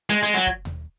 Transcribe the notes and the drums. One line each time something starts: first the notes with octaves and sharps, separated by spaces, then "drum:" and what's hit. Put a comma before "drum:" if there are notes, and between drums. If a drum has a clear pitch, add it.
G#3
G#3
F#3
drum: kick
drum: tom D#2